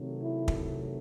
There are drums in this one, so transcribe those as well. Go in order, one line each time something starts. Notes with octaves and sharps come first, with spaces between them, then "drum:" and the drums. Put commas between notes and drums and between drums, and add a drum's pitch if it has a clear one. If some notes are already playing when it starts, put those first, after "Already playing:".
Already playing: C3 D#3 F#3 A3
E4
drum: kick